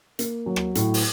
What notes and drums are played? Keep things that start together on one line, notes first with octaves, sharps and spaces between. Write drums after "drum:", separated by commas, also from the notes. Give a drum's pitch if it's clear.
A#3, drum: hi-hat
F#3
drum: rim click
A2, drum: hi-hat
drum: open hi-hat